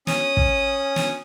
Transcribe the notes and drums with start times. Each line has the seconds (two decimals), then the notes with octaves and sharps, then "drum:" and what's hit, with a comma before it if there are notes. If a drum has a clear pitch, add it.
0.07 C#4 D#6, drum: snare
0.37 drum: kick
0.96 drum: snare